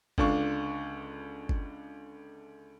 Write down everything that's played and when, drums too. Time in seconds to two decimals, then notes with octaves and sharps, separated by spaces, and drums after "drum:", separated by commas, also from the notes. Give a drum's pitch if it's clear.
0.18 C#2 D3 D4 F4 C#6, drum: kick G1
1.49 drum: kick G1